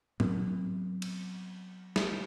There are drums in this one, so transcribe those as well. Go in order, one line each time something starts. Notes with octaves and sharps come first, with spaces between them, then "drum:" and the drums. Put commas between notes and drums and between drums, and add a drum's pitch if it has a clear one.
F#3 B3 C4, drum: tom G#2
drum: cymbal
drum: snare